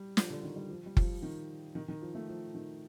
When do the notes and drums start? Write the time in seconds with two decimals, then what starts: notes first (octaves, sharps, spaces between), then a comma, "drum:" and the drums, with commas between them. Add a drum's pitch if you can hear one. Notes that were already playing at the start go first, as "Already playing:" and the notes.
Already playing: G3
0.17 F3, drum: snare
0.30 D3
0.43 D#3
0.56 G3
0.69 F3
0.86 G3
0.97 F3, drum: kick F#1
1.22 D#3
1.75 D#3
1.88 D#3
2.02 F3
2.15 A3
2.28 F3
2.54 D#3